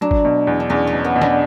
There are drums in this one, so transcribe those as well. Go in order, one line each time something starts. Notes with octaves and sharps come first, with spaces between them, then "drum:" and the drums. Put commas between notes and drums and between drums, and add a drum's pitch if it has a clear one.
F#3 D4
drum: kick
B2
E2
D4
E2 C#4
C#4
B2
B3
B2
D4, drum: snare